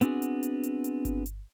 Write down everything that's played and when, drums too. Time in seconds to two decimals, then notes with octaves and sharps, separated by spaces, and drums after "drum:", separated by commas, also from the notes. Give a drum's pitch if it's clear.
0.01 B3 C4 D4 F#4 G#4, drum: hi-hat
0.22 drum: hi-hat
0.43 drum: hi-hat
0.63 drum: hi-hat
0.84 drum: hi-hat
1.05 drum: kick G1, hi-hat
1.26 drum: hi-hat